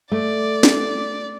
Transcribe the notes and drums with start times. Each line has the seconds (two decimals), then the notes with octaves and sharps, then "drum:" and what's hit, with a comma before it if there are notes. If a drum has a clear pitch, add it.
0.12 A3 D5
0.63 drum: snare